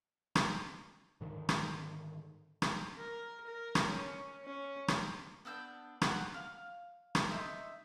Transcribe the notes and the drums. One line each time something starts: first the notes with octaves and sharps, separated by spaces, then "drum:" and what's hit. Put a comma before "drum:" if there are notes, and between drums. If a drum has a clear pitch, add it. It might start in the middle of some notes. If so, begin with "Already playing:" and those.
drum: rim click
G#2 D3 D#3
drum: rim click
drum: rim click
A#4
A#4
drum: rim click
C#4
C#4
drum: rim click
B3 D4 E6 G6
F#5, drum: rim click
F5
drum: rim click
D#4 E5 C6 E6